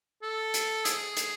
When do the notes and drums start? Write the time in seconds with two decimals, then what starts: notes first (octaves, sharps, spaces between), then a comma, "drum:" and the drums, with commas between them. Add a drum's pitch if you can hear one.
0.23 A4
0.54 drum: hi-hat
0.85 G#4, drum: hi-hat
1.17 drum: hi-hat